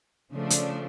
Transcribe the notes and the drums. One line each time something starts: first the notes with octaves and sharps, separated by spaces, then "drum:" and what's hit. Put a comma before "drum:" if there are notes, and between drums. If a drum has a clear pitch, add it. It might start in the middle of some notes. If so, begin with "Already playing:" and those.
C#3 F3 A3 D4
drum: hi-hat